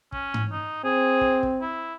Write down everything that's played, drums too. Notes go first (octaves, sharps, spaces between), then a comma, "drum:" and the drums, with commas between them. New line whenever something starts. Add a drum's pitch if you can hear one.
C#4, drum: kick
drum: tom G#2
D#4
C4 G#4
drum: kick
drum: kick
E4